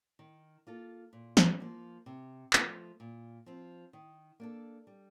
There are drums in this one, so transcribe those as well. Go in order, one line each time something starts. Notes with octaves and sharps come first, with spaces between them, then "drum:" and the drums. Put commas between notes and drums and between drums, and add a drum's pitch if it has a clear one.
D#3
A#3 F4 A4
A#2
drum: snare
F3 A#3
C3
F3 A3, drum: clap
A#2
F3 C4
D#3
A#3 D4 A4
G3